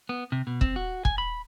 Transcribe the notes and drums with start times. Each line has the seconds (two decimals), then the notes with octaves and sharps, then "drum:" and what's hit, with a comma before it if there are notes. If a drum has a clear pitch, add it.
0.09 B3
0.32 C3
0.47 B2
0.61 C4, drum: kick
0.76 F#4
1.05 G#5, drum: kick
1.18 B5